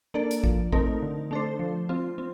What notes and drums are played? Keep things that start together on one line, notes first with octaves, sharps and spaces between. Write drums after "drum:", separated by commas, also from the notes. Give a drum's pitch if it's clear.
A#3 D4 A4 D5
drum: hi-hat
F3, drum: kick A1
A3 C4 D#4 A#4, drum: kick A1
D3
A3 D4 A4 C5
F3
C4 F4
C4